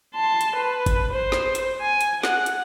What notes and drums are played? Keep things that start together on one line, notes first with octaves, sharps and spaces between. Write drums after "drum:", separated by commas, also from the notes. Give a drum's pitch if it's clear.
A5 C6
drum: hi-hat
B4
drum: kick G1, hi-hat
C5
drum: snare
drum: hi-hat
G#5
drum: hi-hat
F#5, drum: snare
drum: hi-hat